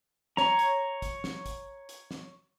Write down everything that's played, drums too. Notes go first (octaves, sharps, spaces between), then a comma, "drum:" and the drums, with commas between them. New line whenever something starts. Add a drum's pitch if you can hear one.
C#5 A#5, drum: snare
drum: hi-hat
drum: kick, hi-hat
drum: snare
drum: kick, hi-hat
drum: hi-hat
drum: snare